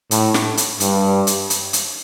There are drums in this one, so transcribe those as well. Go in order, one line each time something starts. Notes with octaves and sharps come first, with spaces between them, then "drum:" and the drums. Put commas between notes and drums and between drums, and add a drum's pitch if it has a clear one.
A2, drum: hi-hat
drum: snare
drum: hi-hat
G2, drum: hi-hat
drum: hi-hat
drum: hi-hat
drum: hi-hat